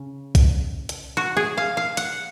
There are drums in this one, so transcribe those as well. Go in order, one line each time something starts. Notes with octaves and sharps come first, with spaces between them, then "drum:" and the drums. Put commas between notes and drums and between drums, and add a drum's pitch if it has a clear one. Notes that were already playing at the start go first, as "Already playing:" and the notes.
Already playing: C#3
drum: kick, hi-hat
drum: hi-hat
F#4
G#4
F5
F5
F#5, drum: hi-hat